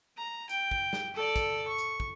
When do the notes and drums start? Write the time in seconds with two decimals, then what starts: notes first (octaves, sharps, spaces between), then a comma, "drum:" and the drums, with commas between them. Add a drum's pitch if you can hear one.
0.17 A#5
0.49 G5, drum: hi-hat
0.71 drum: kick
0.93 drum: snare
1.14 A4 D5
1.36 drum: kick, hi-hat
1.68 C#6
1.78 drum: hi-hat
2.00 drum: kick